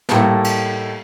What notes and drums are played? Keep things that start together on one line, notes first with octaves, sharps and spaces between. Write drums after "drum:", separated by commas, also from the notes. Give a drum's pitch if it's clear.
A2 G3 A3 A#3 A4, drum: snare
drum: cymbal